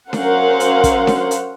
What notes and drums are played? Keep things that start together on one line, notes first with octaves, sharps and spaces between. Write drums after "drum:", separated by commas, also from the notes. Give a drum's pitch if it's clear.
F#3 C#4 A#4 C5 F5 F#5, drum: snare D4
drum: hi-hat
drum: kick, hi-hat
drum: snare D4
drum: hi-hat